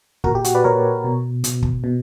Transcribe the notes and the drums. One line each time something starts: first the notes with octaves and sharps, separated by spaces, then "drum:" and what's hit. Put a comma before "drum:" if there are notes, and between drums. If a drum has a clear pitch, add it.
A#2 F#4 A#4, drum: kick
G4
F#4, drum: hi-hat
B4 D5
A#2 A#4 C#5
B2
B2, drum: hi-hat
drum: kick
B2